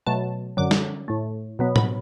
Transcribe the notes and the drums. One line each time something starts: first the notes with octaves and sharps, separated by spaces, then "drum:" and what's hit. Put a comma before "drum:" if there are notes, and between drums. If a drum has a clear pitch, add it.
B2 F#3 A3 A5
F#2 D3 F#3 D6
drum: snare
A2 A3
B2 F#3 B3
B5, drum: tom A2